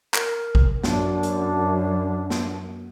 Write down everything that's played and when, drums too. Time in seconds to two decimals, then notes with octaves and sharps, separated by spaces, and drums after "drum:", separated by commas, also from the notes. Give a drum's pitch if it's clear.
0.14 A#4, drum: clap
0.55 drum: kick G#1
0.84 F#2 D4, drum: snare
1.23 drum: hi-hat
2.30 drum: snare